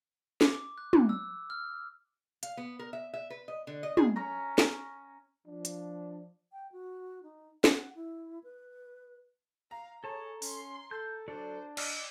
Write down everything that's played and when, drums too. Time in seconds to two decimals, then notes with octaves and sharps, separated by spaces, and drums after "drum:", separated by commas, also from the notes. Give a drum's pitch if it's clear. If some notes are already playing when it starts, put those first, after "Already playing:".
0.41 D6, drum: snare
0.78 F#6
0.93 drum: tom
1.09 E6
1.50 F6
2.43 F5, drum: hi-hat
2.57 B3
2.79 A#4
2.93 E5
3.14 E5
3.30 B4
3.48 D#5
3.67 D3
3.83 D#5
3.97 G#4, drum: tom
4.16 C#4 C#5 A#5
4.58 drum: snare
5.47 F3 D4
5.65 drum: hi-hat
6.53 G5
6.72 F#4
7.23 D#4
7.64 F#5, drum: snare
7.96 E4
8.44 B4
9.71 F5 A#5
10.04 G#4 A4 C#5 A5
10.42 C#4 C6, drum: open hi-hat
10.91 A4 G6
11.28 F#3 D4 A4 C5 D5
11.77 D5 D#5 E6 F6, drum: cymbal